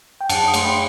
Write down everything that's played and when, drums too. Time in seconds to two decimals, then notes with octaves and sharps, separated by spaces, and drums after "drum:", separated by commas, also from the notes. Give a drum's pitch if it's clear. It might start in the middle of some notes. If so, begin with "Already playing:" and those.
0.21 G5
0.29 F#2 F#5 A5, drum: cymbal
0.48 D#6
0.54 A3 C6, drum: cymbal
0.64 G5 B5